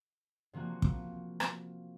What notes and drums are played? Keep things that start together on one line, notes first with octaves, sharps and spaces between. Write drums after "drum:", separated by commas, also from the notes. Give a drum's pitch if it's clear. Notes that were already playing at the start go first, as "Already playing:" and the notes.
C3 F3 A#3 F#4
drum: kick
drum: rim click